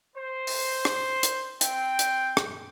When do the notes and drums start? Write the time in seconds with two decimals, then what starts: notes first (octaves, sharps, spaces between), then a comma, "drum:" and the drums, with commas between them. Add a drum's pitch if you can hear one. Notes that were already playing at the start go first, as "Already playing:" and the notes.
0.16 C5
0.47 drum: open hi-hat
0.85 drum: rim click
1.23 drum: hi-hat
1.61 C4 G5, drum: hi-hat
1.99 drum: hi-hat
2.37 drum: rim click